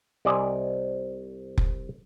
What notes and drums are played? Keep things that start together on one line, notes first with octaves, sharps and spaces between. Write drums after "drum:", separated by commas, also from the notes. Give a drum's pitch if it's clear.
C2 C3 D5 D#5 G#5
drum: kick F1